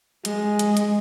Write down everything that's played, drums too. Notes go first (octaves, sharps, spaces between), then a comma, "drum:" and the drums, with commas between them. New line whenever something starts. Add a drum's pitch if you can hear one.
G#3, drum: hi-hat
drum: hi-hat
drum: hi-hat